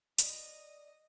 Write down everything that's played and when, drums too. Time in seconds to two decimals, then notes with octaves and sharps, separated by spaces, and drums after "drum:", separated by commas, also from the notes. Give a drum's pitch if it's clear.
0.18 A#4 D5 D#5, drum: hi-hat